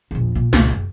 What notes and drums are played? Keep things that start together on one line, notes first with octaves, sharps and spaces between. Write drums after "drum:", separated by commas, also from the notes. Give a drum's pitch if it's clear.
A#1 E2
A#2
C#2 A#2, drum: snare
F#1